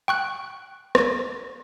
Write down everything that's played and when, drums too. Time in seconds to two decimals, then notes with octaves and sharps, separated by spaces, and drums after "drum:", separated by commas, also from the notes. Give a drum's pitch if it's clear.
0.08 G5 C#6 F#6
0.95 drum: rim click